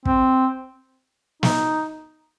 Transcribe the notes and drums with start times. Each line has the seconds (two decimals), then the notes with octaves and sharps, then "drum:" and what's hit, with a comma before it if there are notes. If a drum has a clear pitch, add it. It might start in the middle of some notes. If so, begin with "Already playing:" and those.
0.05 C4, drum: kick
1.43 D#4, drum: snare